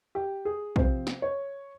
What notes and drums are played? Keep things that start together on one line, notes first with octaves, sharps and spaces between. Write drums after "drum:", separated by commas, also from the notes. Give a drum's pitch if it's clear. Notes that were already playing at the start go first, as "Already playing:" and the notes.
G4
G#4
C3 F3 C4 C5, drum: kick
drum: snare
C#5